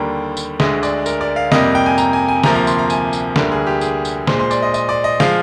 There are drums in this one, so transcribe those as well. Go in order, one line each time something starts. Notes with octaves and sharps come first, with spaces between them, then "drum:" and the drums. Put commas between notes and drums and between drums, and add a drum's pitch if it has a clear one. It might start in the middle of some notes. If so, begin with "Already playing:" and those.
Already playing: D#2 D3 G3 A#3 G5 A#5
drum: tambourine
D2 D3 G#3 D#5, drum: snare
D5, drum: tambourine
A#4, drum: tambourine
D5
F5
F2 C3 G3 A#3 D#5, drum: snare
G5
G#5
A#5, drum: tambourine
G#5
G#5
D2 C3 F3 A#3 A#5, drum: snare
A#5
C6, drum: tambourine
A#5
G#5, drum: tambourine
drum: tambourine
D2 D3 G3 A#3 A#4, drum: snare
G#4
G4
G#4, drum: tambourine
drum: tambourine
A#2 G#3 C5, drum: snare
C5
D5, drum: tambourine
D#5
D#5, drum: tambourine
D5
D#5
F3 G#3 F5, drum: snare